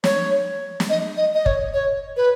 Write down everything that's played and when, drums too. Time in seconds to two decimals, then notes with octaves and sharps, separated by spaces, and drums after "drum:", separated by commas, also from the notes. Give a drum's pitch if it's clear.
0.04 C#5, drum: snare
0.80 drum: snare
0.89 D#5
1.17 D#5
1.34 D#5
1.46 C#5, drum: kick
1.74 C#5
2.17 B4